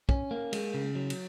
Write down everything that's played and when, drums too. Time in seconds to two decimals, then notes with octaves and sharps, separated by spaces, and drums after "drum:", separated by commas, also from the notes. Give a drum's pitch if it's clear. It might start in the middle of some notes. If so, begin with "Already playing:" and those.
0.09 C#4, drum: kick
0.31 A#3
0.53 G#3, drum: cymbal
0.74 C#3
0.95 F#3
1.10 drum: cymbal